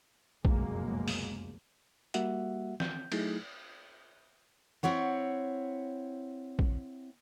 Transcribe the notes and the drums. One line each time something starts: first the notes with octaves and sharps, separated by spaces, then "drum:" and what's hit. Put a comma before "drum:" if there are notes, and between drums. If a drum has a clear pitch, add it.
F1 C#2 F#2 B2 G#3 A#3, drum: kick
drum: open hi-hat
G3 A#3 F#4 E5 F#5, drum: hi-hat
G6, drum: snare
F#3 A3 D#4 E4 G#4, drum: cymbal
C4 E4 C#5 F#5
drum: kick